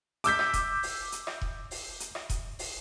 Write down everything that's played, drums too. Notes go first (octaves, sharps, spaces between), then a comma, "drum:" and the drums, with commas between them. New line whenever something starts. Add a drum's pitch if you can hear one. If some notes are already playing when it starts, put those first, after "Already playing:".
D6 E6 G6 B6, drum: hi-hat
drum: rim click
drum: kick E1, hi-hat
drum: open hi-hat
drum: hi-hat
drum: rim click
drum: kick E1
drum: open hi-hat
drum: hi-hat
drum: rim click
drum: kick E1, hi-hat
drum: open hi-hat